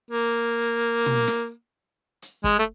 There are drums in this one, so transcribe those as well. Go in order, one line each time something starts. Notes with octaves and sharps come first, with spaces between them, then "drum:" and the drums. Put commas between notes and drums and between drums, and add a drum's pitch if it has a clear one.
A#3
drum: tom
drum: snare
drum: hi-hat
G#3, drum: kick
A3